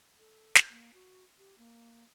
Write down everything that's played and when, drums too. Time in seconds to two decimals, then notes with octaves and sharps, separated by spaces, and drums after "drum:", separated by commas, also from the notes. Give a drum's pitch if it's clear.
0.18 A4
0.55 drum: snare
0.70 A#3
0.94 F#4
1.38 G4
1.58 A#3